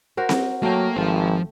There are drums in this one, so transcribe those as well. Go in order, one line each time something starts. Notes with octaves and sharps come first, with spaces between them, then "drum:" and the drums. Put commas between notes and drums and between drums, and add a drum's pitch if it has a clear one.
F#4 A#4 C5
drum: snare C4
F#3 A3 A#3 G5
G#1 F3 C5